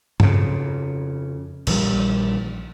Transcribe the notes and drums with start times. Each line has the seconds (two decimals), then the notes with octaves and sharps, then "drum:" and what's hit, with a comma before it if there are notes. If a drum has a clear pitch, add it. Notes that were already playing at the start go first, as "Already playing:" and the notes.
0.20 F2 C#3, drum: tom
1.67 A#1 D#3 E3 G3, drum: cymbal